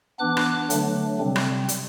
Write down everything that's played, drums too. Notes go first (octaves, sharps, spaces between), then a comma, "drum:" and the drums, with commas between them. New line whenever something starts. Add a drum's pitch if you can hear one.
E3 B3 D4 D6 F#6
drum: rim click
D3 F#3 A3 D4, drum: hi-hat
C3 G3 C4
drum: rim click
drum: hi-hat